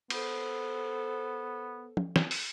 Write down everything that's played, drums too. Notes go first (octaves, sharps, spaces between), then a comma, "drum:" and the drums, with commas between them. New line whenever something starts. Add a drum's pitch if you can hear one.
B3 A4 C5, drum: cymbal
drum: tom
drum: snare
drum: open hi-hat